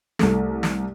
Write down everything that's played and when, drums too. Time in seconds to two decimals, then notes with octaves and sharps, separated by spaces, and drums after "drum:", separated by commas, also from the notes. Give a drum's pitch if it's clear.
0.19 C2 A3, drum: snare
0.63 drum: snare